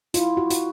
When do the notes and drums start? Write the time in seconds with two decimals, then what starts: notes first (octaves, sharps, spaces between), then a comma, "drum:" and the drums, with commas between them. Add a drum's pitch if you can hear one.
0.14 E4 F4, drum: hi-hat
0.37 F#4
0.50 F#4, drum: hi-hat